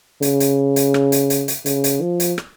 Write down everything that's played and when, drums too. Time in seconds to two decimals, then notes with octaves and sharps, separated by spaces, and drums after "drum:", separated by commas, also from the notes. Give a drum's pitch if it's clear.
0.22 C#3, drum: hi-hat
0.40 drum: hi-hat
0.76 drum: hi-hat
0.94 drum: rim click
1.12 drum: hi-hat
1.30 drum: hi-hat
1.48 drum: hi-hat
1.66 C#3, drum: hi-hat
1.84 drum: hi-hat
2.02 F3
2.20 drum: hi-hat
2.38 drum: rim click